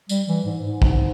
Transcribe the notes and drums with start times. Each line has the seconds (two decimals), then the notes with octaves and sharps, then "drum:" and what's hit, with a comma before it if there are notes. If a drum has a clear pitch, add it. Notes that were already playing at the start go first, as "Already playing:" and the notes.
0.09 G3, drum: tambourine
0.27 E3
0.45 G#2
0.63 G#2
0.82 drum: kick